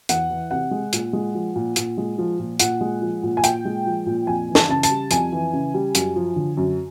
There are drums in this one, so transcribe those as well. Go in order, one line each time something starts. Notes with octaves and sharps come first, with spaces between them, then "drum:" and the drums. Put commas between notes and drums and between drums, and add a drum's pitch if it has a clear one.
E2 F#5, drum: hi-hat
E3
C3 F#5
G#3
A#2, drum: hi-hat
G#3
F3
A#2
A#2, drum: hi-hat
G#3
F3
A#2
A#2 F#5, drum: hi-hat
G#3
F3
A#2
G#5
A#2 G5, drum: hi-hat
G#3
F3
A#2
F2 G#5
E3
A5, drum: snare
C#3 A5
A5, drum: hi-hat
G3
F2 G#5, drum: hi-hat
E3
C#3
G3
F#2, drum: hi-hat
F3
D3
F#2